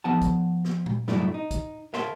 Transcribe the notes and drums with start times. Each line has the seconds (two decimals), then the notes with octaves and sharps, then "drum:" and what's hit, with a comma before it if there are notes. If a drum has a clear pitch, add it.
0.04 F3 B3 F#5 A5
0.22 drum: kick, hi-hat
0.65 drum: snare
0.86 drum: tom A#2
1.08 G2 F#3 A3 D4 E4, drum: snare
1.34 D#4
1.51 drum: kick, hi-hat
1.94 A#4 C#5 E5 F5 A5 C6, drum: snare